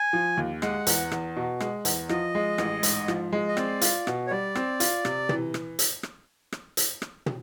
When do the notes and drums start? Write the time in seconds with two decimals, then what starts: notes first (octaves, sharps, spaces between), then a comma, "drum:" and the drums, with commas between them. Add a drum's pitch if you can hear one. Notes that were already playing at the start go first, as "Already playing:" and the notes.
Already playing: G#5
0.13 F3
0.37 D#2
0.62 G#3 F#5, drum: rim click
0.87 E2, drum: hi-hat
1.12 E2, drum: rim click
1.36 B2
1.60 G#3, drum: rim click
1.85 E2, drum: hi-hat
2.09 F3 D#5, drum: rim click
2.35 G#3
2.58 A1, drum: rim click
2.83 G#2, drum: hi-hat
3.08 F3, drum: rim click
3.33 G#3
3.48 D#5
3.57 C4 D5, drum: rim click
3.81 F4, drum: hi-hat
4.07 B2, drum: rim click
4.27 C#5
4.31 G3 D5
4.55 C4, drum: rim click
4.80 F4, drum: hi-hat
5.05 C3, drum: rim click
5.29 E3, drum: tom
5.54 drum: rim click
5.79 drum: hi-hat
6.03 drum: rim click
6.52 drum: rim click
6.77 drum: hi-hat
7.02 drum: rim click
7.26 drum: tom